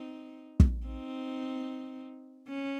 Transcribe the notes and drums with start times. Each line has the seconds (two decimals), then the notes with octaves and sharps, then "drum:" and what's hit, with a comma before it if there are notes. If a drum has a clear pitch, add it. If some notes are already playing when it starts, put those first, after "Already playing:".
Already playing: C4 D#4
0.60 drum: kick
0.87 C4 D#4
2.49 C#4